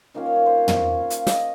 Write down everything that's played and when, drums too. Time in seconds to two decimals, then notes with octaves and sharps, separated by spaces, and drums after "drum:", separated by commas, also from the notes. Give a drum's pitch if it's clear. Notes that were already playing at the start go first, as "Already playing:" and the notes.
0.14 D#3 A#3 C#4 F4 D#5
0.26 C#5
0.36 C#5
0.46 C5
0.58 C#5
0.68 F5, drum: tom
1.10 F5, drum: hi-hat
1.27 D#5, drum: snare